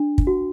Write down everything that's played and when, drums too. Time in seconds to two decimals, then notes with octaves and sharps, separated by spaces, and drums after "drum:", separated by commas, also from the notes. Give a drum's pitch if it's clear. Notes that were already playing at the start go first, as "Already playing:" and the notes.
Already playing: D4
0.18 drum: kick
0.27 F#4